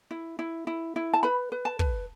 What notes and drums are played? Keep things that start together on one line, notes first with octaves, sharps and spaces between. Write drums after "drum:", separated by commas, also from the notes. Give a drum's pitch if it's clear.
E4
E4
E4
E4
A5
B4 B5
B4
A5
B4, drum: kick